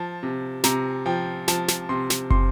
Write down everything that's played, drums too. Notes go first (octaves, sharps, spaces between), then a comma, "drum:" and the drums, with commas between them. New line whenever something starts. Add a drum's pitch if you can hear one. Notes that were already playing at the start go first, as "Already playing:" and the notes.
Already playing: F3 A5
C3
C3 A#5, drum: snare
F3 G5
F3 A5, drum: snare
drum: snare
C3 C6
drum: snare
C3 C6, drum: kick